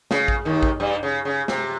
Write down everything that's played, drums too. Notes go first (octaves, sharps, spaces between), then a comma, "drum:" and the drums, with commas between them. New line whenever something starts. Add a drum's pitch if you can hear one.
C#3, drum: snare
drum: kick A1
D#2 D#3
drum: kick A1
G2 G3
C#3
C#3
C3, drum: snare